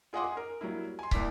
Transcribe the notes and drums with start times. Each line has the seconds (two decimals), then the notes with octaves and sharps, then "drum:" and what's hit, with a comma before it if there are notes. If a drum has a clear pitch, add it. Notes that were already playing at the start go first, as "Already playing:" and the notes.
0.13 F4 G#4 D#5 F#5 C6 D6
0.24 G#4
0.37 A#4
0.61 F#3 G3 A#3 E4
0.99 G#5 C6
1.11 C2 A#3 E4 D5 D6 B6, drum: kick